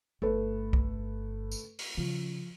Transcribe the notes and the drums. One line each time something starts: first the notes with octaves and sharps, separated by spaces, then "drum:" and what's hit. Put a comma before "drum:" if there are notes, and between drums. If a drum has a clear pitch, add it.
G1 A3 A4 B4
drum: kick B1
drum: tambourine
drum: open hi-hat
C#3 F3